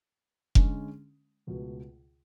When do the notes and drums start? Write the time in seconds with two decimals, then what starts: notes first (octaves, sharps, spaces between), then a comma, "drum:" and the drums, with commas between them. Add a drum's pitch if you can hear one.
0.55 D3 G#3 C#4, drum: kick F1
1.47 C#2 B2 A3